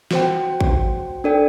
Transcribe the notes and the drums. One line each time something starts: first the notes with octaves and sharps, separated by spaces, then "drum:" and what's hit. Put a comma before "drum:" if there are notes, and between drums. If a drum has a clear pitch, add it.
F#4 C5 G5, drum: snare
drum: kick
D4 A4 D5 G5